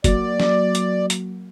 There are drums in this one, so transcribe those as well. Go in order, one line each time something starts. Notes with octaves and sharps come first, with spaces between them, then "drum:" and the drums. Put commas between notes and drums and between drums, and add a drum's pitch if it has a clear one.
F#3 A#3 F#4 D5, drum: kick, hi-hat
drum: snare
drum: hi-hat
drum: hi-hat